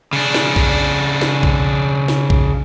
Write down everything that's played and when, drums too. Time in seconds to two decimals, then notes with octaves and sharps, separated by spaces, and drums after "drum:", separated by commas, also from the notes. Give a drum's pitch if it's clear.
0.13 C#3 D4
0.34 drum: snare
0.56 drum: kick B1
1.21 drum: snare
1.43 drum: kick B1
2.08 drum: snare
2.30 drum: kick B1